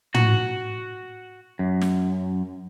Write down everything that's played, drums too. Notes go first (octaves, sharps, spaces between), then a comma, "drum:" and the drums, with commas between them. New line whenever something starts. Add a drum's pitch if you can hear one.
F#4, drum: tom
F#2
drum: snare